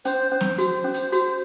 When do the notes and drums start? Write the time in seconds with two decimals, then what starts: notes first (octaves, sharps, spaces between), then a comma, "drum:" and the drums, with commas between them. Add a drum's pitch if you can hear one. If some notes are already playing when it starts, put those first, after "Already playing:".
0.05 C#4 C5, drum: hi-hat
0.32 C#4 C5
0.41 drum: snare
0.58 F#4, drum: hi-hat
0.84 C#4
0.94 drum: hi-hat
1.12 F#4, drum: hi-hat